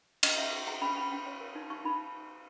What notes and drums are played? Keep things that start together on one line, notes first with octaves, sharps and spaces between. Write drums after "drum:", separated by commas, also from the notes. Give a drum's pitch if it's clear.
C#4 D#5, drum: cymbal
C#4 E5
G#4
G#4 A#5
C#4 B5
C#4 B5
C#4
C#5
A#4
D#4
D#4 C#6
D#4 B5